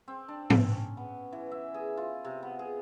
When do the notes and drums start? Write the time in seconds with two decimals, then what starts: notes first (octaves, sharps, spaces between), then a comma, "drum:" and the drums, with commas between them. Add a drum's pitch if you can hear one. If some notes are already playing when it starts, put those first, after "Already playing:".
0.08 C4
0.28 D4
0.50 drum: tom G#2
0.72 C#4
0.97 B3
1.33 E3
1.51 E5
1.74 G#4
1.97 F4
2.25 C3
2.43 B3
2.59 G#4